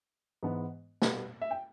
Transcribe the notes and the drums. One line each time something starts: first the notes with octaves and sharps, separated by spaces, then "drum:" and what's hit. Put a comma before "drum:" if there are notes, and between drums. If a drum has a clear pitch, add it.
G#2 E3 G#3 B3
B2 G3 B3, drum: snare
E5
G5